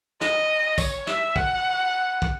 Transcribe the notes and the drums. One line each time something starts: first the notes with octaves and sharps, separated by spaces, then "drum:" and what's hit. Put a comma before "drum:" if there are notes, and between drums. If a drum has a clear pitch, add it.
D#5, drum: snare
C#5, drum: kick, tambourine
E5, drum: snare
F#5, drum: kick
drum: kick